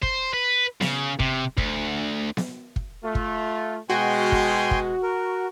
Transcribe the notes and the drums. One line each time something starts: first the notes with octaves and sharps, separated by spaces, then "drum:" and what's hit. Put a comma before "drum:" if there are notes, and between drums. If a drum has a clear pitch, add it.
C5, drum: kick
B4
C#3, drum: snare B3
C3, drum: kick
D2, drum: kick
drum: snare B3
drum: kick
A3 F4
drum: kick
B2 G#3 F#4 G5 G#5 C6
drum: kick
drum: kick
A#4